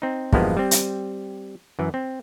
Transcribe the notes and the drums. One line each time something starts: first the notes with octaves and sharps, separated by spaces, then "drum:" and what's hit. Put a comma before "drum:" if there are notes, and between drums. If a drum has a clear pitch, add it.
C4 D#4
E2 G2 F3 G#3 A#3 B3, drum: kick
G3 C4
drum: hi-hat
F#2 E3
C4